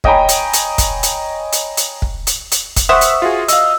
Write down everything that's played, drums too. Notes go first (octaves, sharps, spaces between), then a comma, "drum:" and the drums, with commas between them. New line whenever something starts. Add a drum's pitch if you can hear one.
C#5 D#5 G5 G#5 A#5 B5, drum: kick
drum: hi-hat
drum: hi-hat
drum: kick, hi-hat
drum: hi-hat
drum: hi-hat
drum: hi-hat
drum: kick
drum: hi-hat
drum: hi-hat
drum: kick, hi-hat
C5 E5 F#5 C#6 D#6 E6 B6
drum: hi-hat
F4 F#4 G#4
D#5 F5 E6, drum: hi-hat